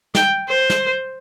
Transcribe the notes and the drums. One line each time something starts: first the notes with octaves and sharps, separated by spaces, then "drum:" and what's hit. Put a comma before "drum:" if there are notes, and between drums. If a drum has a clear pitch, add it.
G5, drum: snare
C5
drum: snare